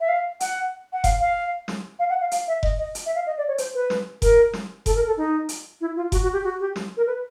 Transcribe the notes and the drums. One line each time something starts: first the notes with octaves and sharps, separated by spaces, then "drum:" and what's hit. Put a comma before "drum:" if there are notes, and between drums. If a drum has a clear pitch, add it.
E5
F5
F#5, drum: hi-hat
F#5
F5, drum: kick F1, hi-hat
F5
drum: snare
F5
F#5
F5
F5, drum: hi-hat
E5
D#5, drum: kick F1
D#5
drum: hi-hat
E5
F5
D#5
D5
C#5
C5, drum: hi-hat
B4
drum: snare
A#4, drum: kick F1, hi-hat
drum: snare
A4, drum: kick F1, hi-hat
A#4
A4
D#4
drum: hi-hat
E4
F4
F#4, drum: kick F1, hi-hat
F#4
G4
F#4
G4
drum: snare
A#4
B4